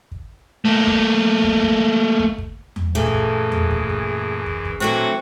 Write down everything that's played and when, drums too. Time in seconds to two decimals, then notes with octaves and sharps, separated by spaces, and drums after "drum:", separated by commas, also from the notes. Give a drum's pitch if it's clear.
0.11 drum: kick
0.65 A3 A#3
0.87 drum: kick
1.44 drum: kick
1.63 drum: kick
2.19 drum: kick
2.38 drum: kick
2.76 drum: tom E2
2.95 F#2 A#2 E3 A3 G#4, drum: kick
3.14 drum: kick
3.52 drum: tom E2
3.71 drum: kick
3.89 drum: kick
4.46 drum: kick
4.65 drum: kick
4.80 A#2 E3 F#3 A3 C4 D4 F#4